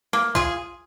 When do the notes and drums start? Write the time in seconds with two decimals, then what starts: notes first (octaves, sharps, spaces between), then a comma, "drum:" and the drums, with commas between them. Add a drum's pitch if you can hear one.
0.13 A#3, drum: snare
0.35 F4 G#4, drum: kick